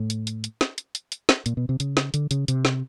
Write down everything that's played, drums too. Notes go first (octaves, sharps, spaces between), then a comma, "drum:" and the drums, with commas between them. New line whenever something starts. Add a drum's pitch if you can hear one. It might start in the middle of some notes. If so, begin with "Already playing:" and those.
Already playing: A2
drum: hi-hat
drum: hi-hat
drum: hi-hat
drum: snare
drum: hi-hat
drum: hi-hat
drum: hi-hat
drum: snare
A#2, drum: hi-hat
B2
C3
C#3, drum: hi-hat
drum: snare
D3, drum: hi-hat
C#3, drum: hi-hat
C3, drum: hi-hat
drum: snare